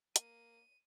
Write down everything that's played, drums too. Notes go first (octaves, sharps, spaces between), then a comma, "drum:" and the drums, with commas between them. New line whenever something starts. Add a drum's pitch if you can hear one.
A#3 D#7, drum: hi-hat